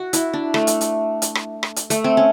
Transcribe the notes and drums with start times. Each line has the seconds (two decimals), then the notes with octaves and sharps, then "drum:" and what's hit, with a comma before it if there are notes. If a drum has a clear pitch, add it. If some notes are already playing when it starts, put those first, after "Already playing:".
Already playing: F#4
0.13 E4, drum: hi-hat
0.33 D4
0.54 A3, drum: rim click
0.67 drum: hi-hat
0.81 drum: hi-hat
1.22 drum: hi-hat
1.35 drum: rim click
1.63 drum: rim click
1.76 drum: hi-hat
1.90 A3, drum: hi-hat
2.04 C4
2.17 C#4